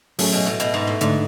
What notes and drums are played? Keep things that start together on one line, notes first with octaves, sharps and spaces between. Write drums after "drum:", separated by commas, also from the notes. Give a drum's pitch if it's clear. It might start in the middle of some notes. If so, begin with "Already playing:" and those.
A2 F#3 A3 C#4 G#4, drum: open hi-hat
B2
A2
B2, drum: hi-hat
G#2
A2
G#2 D3 A3 D4, drum: hi-hat